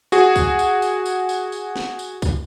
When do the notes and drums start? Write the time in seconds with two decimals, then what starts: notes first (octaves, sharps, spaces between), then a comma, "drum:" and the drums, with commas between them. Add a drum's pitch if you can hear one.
0.12 F#4 G#4, drum: tambourine
0.36 drum: kick C2, tambourine
0.59 drum: tambourine
0.82 drum: tambourine
1.06 drum: tambourine
1.29 drum: tambourine
1.52 drum: tambourine
1.76 drum: snare
1.99 drum: tambourine
2.22 drum: kick C2, tambourine